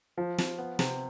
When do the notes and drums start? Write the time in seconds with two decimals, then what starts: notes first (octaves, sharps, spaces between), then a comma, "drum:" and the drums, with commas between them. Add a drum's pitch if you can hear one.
0.17 F3
0.38 F3, drum: snare
0.58 B3
0.79 C3, drum: snare